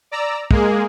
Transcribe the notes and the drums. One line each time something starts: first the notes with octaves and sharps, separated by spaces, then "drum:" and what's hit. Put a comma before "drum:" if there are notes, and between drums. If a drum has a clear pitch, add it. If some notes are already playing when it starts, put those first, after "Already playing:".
D5 A#5 E6
G#3 A#3 G#4, drum: kick